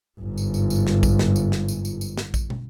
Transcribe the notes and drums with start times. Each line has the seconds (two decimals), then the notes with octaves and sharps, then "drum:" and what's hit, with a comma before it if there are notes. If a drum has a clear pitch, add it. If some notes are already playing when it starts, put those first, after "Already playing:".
0.21 G1 G#2
0.38 drum: tambourine
0.54 drum: tambourine
0.70 drum: tambourine
0.87 drum: snare
1.03 drum: kick A#1, tambourine
1.19 drum: snare
1.36 drum: tambourine
1.52 drum: snare
1.68 drum: tambourine
1.85 drum: tambourine
2.01 drum: tambourine
2.18 drum: snare
2.34 drum: kick A#1, tambourine
2.50 drum: tom